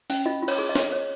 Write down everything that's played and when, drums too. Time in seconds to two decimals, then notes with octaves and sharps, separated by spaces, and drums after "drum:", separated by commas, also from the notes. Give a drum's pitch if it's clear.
0.10 C#4, drum: open hi-hat
0.26 F4 D#5
0.43 F4
0.48 C#5, drum: cymbal
0.58 G#4
0.69 D#5
0.75 C#5, drum: snare
0.93 C#5